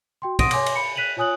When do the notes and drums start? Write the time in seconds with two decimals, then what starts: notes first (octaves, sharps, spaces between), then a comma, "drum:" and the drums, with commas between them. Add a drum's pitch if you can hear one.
0.22 F#4 G5 C6
0.39 F#5 C6 D#6 A#6 D7 D#7, drum: kick, cymbal
0.51 C#5 G#5 C6 D6 A#6, drum: cymbal
0.66 drum: cymbal
0.76 B5 C#7
0.96 F#6 B6 D#7 F7 F#7
1.17 F4 C#5 G#5 D#6 F#6 F#7